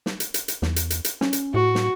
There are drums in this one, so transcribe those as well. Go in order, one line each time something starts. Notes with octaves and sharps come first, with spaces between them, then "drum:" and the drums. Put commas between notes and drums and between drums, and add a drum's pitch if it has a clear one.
drum: snare
drum: hi-hat
drum: hi-hat
drum: hi-hat
E2, drum: snare
drum: hi-hat
drum: hi-hat
drum: hi-hat
C#4, drum: snare
drum: hi-hat
A2 F#4
drum: snare